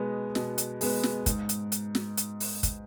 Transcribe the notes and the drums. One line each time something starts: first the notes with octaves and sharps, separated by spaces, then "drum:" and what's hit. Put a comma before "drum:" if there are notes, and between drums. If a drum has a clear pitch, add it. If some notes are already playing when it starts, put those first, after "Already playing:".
Already playing: B2 G#3 B3
B2, drum: snare
drum: hi-hat
G#3 B3, drum: open hi-hat
drum: snare
G#2, drum: kick, hi-hat
drum: hi-hat
drum: hi-hat
drum: snare
drum: hi-hat
drum: open hi-hat
drum: kick, hi-hat